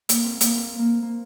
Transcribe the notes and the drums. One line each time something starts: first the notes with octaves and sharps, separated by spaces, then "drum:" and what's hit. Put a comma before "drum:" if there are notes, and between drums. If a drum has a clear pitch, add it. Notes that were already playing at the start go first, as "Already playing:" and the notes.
A#3, drum: hi-hat
C4
A#3, drum: hi-hat
C4
A#3
A#3